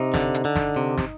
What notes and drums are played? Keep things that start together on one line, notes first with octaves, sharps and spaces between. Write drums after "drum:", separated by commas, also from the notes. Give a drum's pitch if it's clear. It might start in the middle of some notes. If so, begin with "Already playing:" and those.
Already playing: C3 D#4
D3, drum: snare
drum: hi-hat
D3
drum: snare
C3
drum: snare